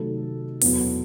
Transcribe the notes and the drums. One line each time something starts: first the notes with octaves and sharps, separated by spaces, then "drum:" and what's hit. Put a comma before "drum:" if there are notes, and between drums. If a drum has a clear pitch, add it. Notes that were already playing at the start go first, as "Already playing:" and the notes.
Already playing: C3 D#3 F#3 A3 A4
E2 B2 F#3, drum: open hi-hat